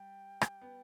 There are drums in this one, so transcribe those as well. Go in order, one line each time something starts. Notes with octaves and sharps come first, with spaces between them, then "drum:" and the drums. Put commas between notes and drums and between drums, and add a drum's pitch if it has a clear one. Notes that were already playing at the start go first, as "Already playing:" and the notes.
Already playing: G3 G5
drum: rim click
B3